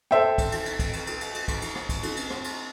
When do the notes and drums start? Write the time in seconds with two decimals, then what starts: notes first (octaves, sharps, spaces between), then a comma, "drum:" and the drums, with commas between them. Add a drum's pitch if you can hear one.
0.11 A4 C5 E5 G5, drum: rim click
0.38 drum: kick, cymbal
0.52 drum: cymbal
0.66 drum: cymbal
0.79 drum: kick, cymbal
0.93 drum: cymbal
1.07 drum: cymbal
1.21 drum: cymbal
1.34 drum: cymbal
1.48 drum: kick, cymbal
1.62 drum: cymbal
1.76 drum: rim click
1.89 drum: kick, cymbal
2.03 drum: cymbal
2.17 drum: cymbal
2.30 drum: rim click
2.44 drum: cymbal